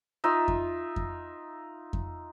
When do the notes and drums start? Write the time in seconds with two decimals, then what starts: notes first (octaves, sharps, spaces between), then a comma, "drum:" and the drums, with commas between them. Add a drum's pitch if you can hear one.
0.24 D#4 F4 E5
0.48 drum: kick F2
0.96 drum: kick F2
1.93 drum: kick F2